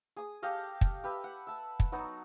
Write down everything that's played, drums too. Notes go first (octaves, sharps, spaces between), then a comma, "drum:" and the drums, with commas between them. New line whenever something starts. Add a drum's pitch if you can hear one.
G#4 D#6
G4 A4 D#5 F5
drum: kick
G4 B4 E5
F#5
E5 A5
drum: kick
F#3 B3 D#4 F#4